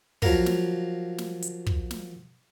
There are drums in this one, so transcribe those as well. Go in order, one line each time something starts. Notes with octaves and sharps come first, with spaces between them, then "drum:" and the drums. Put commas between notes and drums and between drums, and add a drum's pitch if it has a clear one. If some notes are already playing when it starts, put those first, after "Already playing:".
F3 F#3 A#3 A#4, drum: kick
drum: snare
drum: snare
drum: hi-hat
drum: kick
drum: snare